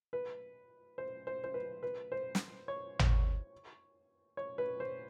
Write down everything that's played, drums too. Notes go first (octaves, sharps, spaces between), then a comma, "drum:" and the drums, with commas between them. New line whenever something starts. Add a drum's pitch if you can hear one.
B4
C5
C5
C5
B4
B4
C5
drum: snare
C#5
drum: tom
C#5
B4
C5